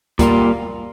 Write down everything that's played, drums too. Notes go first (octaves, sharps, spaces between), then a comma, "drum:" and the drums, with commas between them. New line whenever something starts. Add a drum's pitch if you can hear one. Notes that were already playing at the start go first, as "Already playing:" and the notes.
A#2 G3 A#3 F4, drum: kick, hi-hat